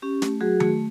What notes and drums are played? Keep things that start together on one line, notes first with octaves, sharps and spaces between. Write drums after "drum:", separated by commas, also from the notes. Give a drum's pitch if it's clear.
C#4 G4
A3, drum: snare
F#3 F#4 G#4
A3, drum: tom D#3